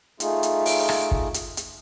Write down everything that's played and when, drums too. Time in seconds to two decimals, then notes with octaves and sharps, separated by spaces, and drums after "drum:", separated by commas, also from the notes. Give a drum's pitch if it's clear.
0.20 A3 D#4 F4 G#4, drum: hi-hat
0.43 drum: hi-hat
0.66 drum: open hi-hat
0.89 drum: rim click
1.11 drum: kick
1.34 drum: hi-hat
1.57 drum: hi-hat